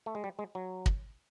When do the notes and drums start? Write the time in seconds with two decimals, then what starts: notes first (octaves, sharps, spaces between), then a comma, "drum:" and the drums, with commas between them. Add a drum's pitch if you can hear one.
0.06 A3
0.15 G#3
0.24 G3
0.39 G#3
0.55 F#3
0.86 drum: kick